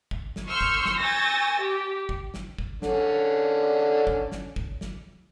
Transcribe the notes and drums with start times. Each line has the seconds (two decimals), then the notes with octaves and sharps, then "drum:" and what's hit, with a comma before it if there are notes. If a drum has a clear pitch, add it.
0.11 drum: kick
0.36 drum: snare
0.48 C6 C#6 E6 F6 G6 C#7
0.61 drum: kick
0.85 drum: snare
0.98 G#5 C#6 E6 G6 A6 A#6
1.60 G4
2.09 drum: kick
2.34 drum: snare
2.58 drum: kick
2.82 D3 C#4 D4, drum: snare
4.07 drum: kick
4.32 drum: snare
4.56 drum: kick
4.81 drum: snare